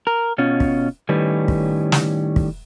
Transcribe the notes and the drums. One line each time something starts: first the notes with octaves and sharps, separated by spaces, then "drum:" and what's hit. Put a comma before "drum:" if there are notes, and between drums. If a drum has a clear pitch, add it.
A#4
B2 C#4 F4
drum: kick
A2 D#3 G3 C#4 B4
drum: kick
drum: snare
drum: kick